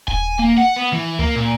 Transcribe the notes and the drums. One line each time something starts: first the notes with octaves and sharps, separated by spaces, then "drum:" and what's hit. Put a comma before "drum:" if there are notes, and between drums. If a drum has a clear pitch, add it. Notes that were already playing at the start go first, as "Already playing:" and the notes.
G#5, drum: kick D#1
A#3
F#5
B3
E3
A#3, drum: tom C#2
A#2